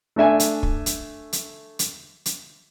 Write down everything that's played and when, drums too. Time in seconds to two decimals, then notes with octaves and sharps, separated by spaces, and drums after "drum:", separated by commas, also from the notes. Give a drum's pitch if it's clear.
0.16 A3 D4 E5 G#5
0.40 drum: hi-hat
0.63 drum: kick
0.86 drum: hi-hat
1.33 drum: hi-hat
1.79 drum: hi-hat
2.26 drum: hi-hat